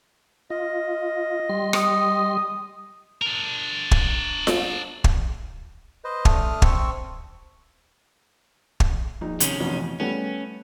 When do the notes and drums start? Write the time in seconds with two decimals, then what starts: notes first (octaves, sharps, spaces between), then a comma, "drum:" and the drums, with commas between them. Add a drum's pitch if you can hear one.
0.50 F4 D#5
1.49 G3 C6
1.73 D#6, drum: rim click
3.22 D4 A#4
3.91 drum: kick
4.47 drum: snare F4
5.04 drum: kick
6.04 B4 C5 D#5
6.25 A3 D4 D#6 F6, drum: kick
6.62 C4 C#6 E6, drum: kick
8.80 drum: kick
9.21 A#1 D#4
9.40 C3 D#3 C#4, drum: hi-hat
9.60 A1 F2 B2
10.00 G3 A3 B3 C#4